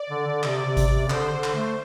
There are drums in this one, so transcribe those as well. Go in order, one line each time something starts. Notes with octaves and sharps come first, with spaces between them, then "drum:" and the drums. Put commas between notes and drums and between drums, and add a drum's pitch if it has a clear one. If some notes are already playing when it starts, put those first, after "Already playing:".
Already playing: D5
D3
D3
C3 D5, drum: clap
C3
drum: kick G#1, hi-hat
C3
D3 C5, drum: clap
D3
drum: clap
A3